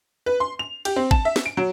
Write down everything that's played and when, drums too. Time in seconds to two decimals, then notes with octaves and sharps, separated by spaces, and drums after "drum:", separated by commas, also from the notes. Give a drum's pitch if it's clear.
0.26 B4
0.40 C6
0.59 F7
0.85 G4, drum: cymbal
0.96 C4
1.11 A5, drum: kick
1.25 E5
1.36 drum: snare
1.46 D7
1.57 F#3